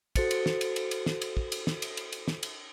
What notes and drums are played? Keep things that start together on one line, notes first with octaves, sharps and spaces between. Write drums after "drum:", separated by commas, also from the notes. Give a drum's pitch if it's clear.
F#4 A4 C5 A6 C#7, drum: kick, cymbal
drum: cymbal
drum: snare
drum: cymbal
drum: cymbal
drum: cymbal
drum: snare
drum: cymbal
drum: kick
drum: cymbal
drum: snare
drum: cymbal
drum: cymbal
drum: cymbal
drum: snare
drum: cymbal